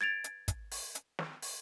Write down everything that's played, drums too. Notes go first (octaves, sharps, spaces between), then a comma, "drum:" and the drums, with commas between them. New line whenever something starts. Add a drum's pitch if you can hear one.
G#6 A6 D7 F7
drum: hi-hat
drum: kick, hi-hat
drum: open hi-hat
drum: hi-hat
drum: snare
drum: open hi-hat